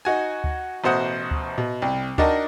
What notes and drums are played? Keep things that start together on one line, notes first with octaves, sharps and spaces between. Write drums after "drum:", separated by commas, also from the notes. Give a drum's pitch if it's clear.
D#4 F#4 G#5
drum: kick D2
A1 B2 C5 F#5 D#6
drum: kick D2
B2, drum: tom A2
C2
D4 D#4 F#4 A#4 D#5 A5, drum: kick D2